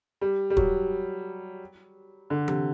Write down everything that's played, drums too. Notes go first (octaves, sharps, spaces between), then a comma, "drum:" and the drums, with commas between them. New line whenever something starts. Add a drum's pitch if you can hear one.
G3
G3
F#3, drum: kick
D3
C3, drum: tom E3